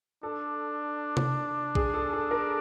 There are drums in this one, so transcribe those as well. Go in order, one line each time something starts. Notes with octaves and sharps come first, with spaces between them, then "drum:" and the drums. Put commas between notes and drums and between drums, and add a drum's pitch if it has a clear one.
D4 A4
drum: tom C3
G#4, drum: kick A#1
A4
A4
A#4